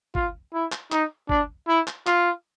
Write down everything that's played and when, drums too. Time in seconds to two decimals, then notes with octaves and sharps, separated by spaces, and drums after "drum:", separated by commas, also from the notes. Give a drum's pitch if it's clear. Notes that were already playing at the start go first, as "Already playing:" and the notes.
0.15 F4, drum: kick G1
0.53 E4
0.72 drum: clap
0.92 D#4, drum: clap
1.29 D4, drum: kick G1
1.68 E4
1.87 drum: clap
2.07 F4, drum: clap